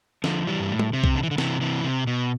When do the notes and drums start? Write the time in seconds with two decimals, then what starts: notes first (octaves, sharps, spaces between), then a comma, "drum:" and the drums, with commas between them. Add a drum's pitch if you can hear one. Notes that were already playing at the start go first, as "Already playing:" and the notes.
0.24 D3 F3, drum: snare
0.47 E3 G3
0.59 G2
0.70 A2
0.79 drum: tom
0.93 C3
1.04 drum: kick B1
1.15 D3
1.23 E3
1.31 D3
1.38 C3 E3, drum: snare
1.61 C3 E3
1.84 C3
2.07 B2